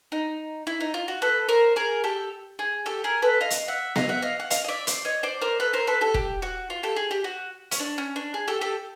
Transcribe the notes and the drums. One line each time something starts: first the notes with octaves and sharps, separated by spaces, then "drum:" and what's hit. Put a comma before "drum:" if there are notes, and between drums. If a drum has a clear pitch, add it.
D#4
E4
D#4
F4
F#4
A4 B4
A#4 C5
G#4 A#4
G4 A4
G#4
G4 A4
G#4 A#4
A4 B4
D#5 F5
drum: hi-hat
E5 F#5
D#5 F5, drum: snare B3
E5 F#5
D#5 F5
F#5
D#5 F5, drum: hi-hat
D#5
D5 E5
C5 D5, drum: hi-hat
C#5 D#5
C5 D5
A#4 C5
A4 B4
A#4 C5
A4 B4
G4 A4
G4, drum: kick
F#4
F4
G4 A4
G#4
G4
F#4
C#4, drum: hi-hat
D4
C#4
D4
G#4
G4 A4
G4 A4